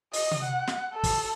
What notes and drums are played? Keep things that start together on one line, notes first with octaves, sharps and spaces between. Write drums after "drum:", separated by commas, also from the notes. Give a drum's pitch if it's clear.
D#5, drum: open hi-hat
drum: tom C3
F#5
drum: snare
A4
drum: kick, open hi-hat